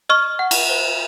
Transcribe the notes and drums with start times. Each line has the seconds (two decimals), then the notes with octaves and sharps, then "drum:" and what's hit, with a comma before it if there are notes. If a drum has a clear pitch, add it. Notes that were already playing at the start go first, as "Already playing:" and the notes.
0.09 D#5 C#6 F6
0.39 F#5
0.51 drum: cymbal
0.69 C5